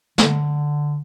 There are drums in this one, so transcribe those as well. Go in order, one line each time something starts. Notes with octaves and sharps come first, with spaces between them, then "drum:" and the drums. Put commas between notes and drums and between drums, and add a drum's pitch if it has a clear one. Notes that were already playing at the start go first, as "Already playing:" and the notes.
D3, drum: snare